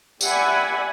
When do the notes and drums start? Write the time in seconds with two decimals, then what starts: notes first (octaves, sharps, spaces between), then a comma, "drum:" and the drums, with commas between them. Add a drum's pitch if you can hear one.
0.21 G4 D5 E5 F#5 G#5 B5, drum: tambourine